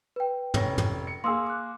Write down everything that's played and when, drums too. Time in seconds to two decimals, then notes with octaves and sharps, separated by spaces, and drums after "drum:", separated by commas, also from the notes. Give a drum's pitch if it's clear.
0.16 B4 G5
0.54 F1 C#4 A#6, drum: tom
0.78 drum: tom
1.07 C#7
1.24 A#3 G#4 C6 D#6 E6
1.47 D6 F#6